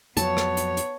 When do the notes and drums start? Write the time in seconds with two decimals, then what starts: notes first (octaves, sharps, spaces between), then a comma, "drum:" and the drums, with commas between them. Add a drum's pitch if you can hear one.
0.17 F2 F#3 B3 C#5 A5, drum: hi-hat
0.37 drum: rim click
0.57 drum: hi-hat
0.77 drum: hi-hat